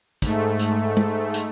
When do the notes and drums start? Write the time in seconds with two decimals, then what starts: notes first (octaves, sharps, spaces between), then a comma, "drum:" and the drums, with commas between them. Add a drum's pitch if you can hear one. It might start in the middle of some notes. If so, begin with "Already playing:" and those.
0.22 G#2 A3, drum: kick, hi-hat
0.59 drum: hi-hat
0.97 drum: tom
1.34 drum: hi-hat